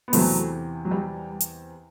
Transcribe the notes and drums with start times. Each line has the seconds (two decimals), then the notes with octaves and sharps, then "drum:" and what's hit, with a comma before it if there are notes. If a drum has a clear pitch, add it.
0.08 B3
0.13 E2 C3 E3 F#3 A3, drum: open hi-hat
0.85 F#3
0.91 G3
1.41 drum: hi-hat